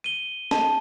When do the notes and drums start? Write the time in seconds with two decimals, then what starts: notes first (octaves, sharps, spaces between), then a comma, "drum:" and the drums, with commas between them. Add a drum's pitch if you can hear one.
0.04 D#7 G7
0.51 A5, drum: snare